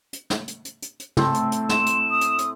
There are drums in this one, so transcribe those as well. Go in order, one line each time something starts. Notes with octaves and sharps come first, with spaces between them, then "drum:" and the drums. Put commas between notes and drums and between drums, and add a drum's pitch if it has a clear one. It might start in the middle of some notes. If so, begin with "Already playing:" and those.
drum: hi-hat
drum: snare
drum: hi-hat
drum: hi-hat
drum: hi-hat
drum: hi-hat
A2 C4 A4, drum: tom
drum: hi-hat
drum: hi-hat
C6 E7, drum: snare
drum: hi-hat
D#6
drum: hi-hat
drum: hi-hat